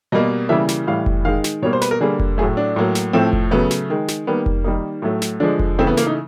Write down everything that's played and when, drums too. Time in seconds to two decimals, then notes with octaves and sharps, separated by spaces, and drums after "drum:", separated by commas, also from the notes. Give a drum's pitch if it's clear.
0.12 B2 G3 A#3 D#5
0.49 C#3 E3 G3 A#3 E5
0.69 drum: snare
0.87 A2 E3 G3 F5
1.06 drum: kick F1
1.25 D#3 G#3 F5
1.44 drum: snare
1.62 B2 G3 A#3 C#5
1.73 C5
1.81 B4, drum: snare
1.91 A#4
2.01 D3 G3 A#3 G#4
2.20 drum: kick F1
2.38 A2 F#3 A3 G#4
2.57 D4
2.76 A2 F#3 A#3
2.95 drum: snare
3.13 A2 F3 A3 C4
3.33 drum: kick F1
3.51 C#3 F#3 A3 B3
3.71 drum: snare
3.90 D#3 G#3
4.08 drum: snare
4.27 D#3 G3 A#3 B3
4.46 drum: kick F1
4.64 D#3 G3 A#3 D#4
5.02 A2 F#3 A3
5.22 drum: snare
5.40 D3 F3 G#3 D4
5.59 drum: kick F1
5.79 C#3 E3 A3 C4
5.87 B3
5.97 A#3, drum: snare
6.07 D#4